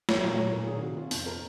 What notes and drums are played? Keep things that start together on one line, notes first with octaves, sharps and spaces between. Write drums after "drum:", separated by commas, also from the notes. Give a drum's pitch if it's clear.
F#3 C#5, drum: snare
A#2
A#2 C#5
A#2 A#4
D#3 G#4
C3 F#4
C3 F4
F2, drum: open hi-hat
A#4